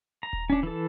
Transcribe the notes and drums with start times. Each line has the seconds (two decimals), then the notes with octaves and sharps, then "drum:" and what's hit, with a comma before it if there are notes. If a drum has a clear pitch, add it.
0.23 A#5
0.33 drum: kick D#1
0.50 C#4 D4
0.63 E3 A4